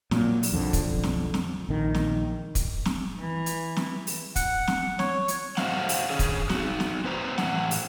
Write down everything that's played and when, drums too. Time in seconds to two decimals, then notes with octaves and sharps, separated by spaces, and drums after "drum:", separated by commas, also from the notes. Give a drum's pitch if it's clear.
0.11 A#2 F#3, drum: snare
0.43 drum: open hi-hat
0.52 B1 F2 D3
0.73 drum: kick, hi-hat
1.03 drum: snare
1.34 drum: snare
1.69 A#1 D#3
1.94 drum: snare
2.55 drum: kick, hi-hat
2.85 drum: snare
3.19 E3
3.46 drum: hi-hat
3.76 drum: snare
4.07 drum: open hi-hat
4.36 F#5, drum: kick, hi-hat
4.67 drum: snare
4.99 C#5, drum: snare
5.28 drum: hi-hat
5.57 F#4 C5 D#5 F5 F#5, drum: snare
5.89 drum: open hi-hat
6.10 D3 D#3 C#4 G#4
6.19 drum: kick, hi-hat
6.50 D#4 F#4, drum: snare
6.80 drum: snare
7.04 C4 B4 C5 A#5
7.38 A2 E3 A#3 F#5, drum: snare
7.71 drum: open hi-hat